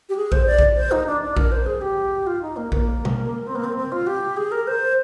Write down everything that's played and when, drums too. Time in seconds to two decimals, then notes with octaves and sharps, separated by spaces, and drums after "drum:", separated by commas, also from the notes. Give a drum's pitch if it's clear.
0.09 G4
0.17 G#4
0.32 C5, drum: kick A#1
0.46 D5
0.59 drum: kick A#1
0.76 C5
0.92 D#4
1.07 D4
1.22 D4
1.37 A#4, drum: kick A#1
1.52 C5
1.66 G#4
1.81 G4
2.27 F4
2.42 D#4
2.56 A#3
2.72 A#3, drum: kick A#1
3.05 drum: tom B2
3.47 C4
3.55 A#3
3.64 C4
3.77 C4
3.92 F4
4.07 G4
4.37 G#4
4.52 A#4
4.67 C5